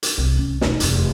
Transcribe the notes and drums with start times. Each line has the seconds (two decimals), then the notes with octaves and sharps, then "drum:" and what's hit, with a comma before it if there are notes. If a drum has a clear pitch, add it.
0.03 drum: hi-hat
0.18 C2
0.37 C#4
0.61 E1 D#4, drum: snare
0.80 F1 E2, drum: hi-hat